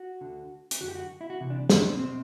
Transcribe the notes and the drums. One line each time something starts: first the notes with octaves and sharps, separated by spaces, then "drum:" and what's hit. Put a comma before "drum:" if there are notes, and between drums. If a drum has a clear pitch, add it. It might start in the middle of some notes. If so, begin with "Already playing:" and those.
Already playing: F#4
D2 D3
drum: hi-hat
F#2 D3 F#4
G4
F#4
E4
F#4
C2 C3 E3
D4
C4, drum: snare
D4
C4
B2 C4